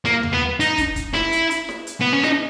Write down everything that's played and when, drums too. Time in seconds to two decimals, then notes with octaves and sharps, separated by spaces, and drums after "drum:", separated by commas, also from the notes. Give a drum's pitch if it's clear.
0.05 A#3, drum: snare E4
0.23 drum: tom D#2
0.33 B3
0.60 D#4, drum: hi-hat
0.78 drum: kick, hi-hat
0.96 drum: kick, hi-hat
1.14 E4, drum: snare E4
1.32 drum: hi-hat
1.50 drum: hi-hat
1.69 drum: snare E4
1.87 drum: hi-hat
2.01 B3
2.13 C#4
2.23 D#4, drum: snare E4